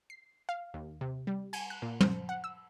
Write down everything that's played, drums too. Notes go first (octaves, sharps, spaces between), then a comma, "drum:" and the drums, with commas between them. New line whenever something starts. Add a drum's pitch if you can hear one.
C7
F5
D#2
C3
G3
G#5, drum: cymbal
F#6
A#2
C5, drum: tom
F#5
E6